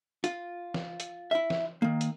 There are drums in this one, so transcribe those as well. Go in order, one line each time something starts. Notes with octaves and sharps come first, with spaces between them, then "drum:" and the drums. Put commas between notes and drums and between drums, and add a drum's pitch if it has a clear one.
F4, drum: hi-hat
drum: snare
drum: hi-hat
E4 E5
drum: snare
D#3 A#3
drum: hi-hat